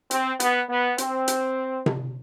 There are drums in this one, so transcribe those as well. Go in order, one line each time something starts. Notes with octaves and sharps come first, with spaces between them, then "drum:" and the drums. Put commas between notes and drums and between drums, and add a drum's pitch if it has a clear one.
C4, drum: hi-hat
B3, drum: hi-hat
B3
C4, drum: hi-hat
drum: hi-hat
drum: tom C3